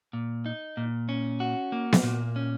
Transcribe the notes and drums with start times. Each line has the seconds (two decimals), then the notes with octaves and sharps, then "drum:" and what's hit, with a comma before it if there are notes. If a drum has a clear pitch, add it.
0.13 A#2
0.46 D#4
0.77 A#2
1.09 C#4
1.40 F#4
1.72 A#3
1.93 drum: snare B3
2.03 A#2
2.36 C#4